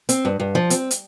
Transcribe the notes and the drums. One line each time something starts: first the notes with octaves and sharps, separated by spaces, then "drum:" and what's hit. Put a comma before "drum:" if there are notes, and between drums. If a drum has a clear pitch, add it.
C4, drum: hi-hat
G2
G2
F3
C4, drum: hi-hat
drum: hi-hat